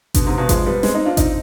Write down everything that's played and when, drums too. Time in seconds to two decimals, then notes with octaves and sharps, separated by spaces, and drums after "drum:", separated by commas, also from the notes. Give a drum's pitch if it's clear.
0.14 B2 D3, drum: kick G#1, hi-hat
0.26 G#2 C3
0.38 G2 B2
0.49 F3 G#3, drum: kick G#1, hi-hat
0.66 G3 B3
0.83 G#3 C4, drum: snare
0.94 C4 D#4
1.05 D4 F4
1.17 C4 D#4, drum: kick G#1, hi-hat